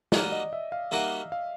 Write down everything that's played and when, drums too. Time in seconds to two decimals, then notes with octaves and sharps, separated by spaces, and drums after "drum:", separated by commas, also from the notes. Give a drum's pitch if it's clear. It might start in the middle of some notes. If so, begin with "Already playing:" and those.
0.12 G3 A#3 D#4 F#4 A#4 D5, drum: snare
0.32 D#5
0.53 E5
0.72 F5
0.91 G3 A#3 D#4 F#4 A#4 E5
1.32 F5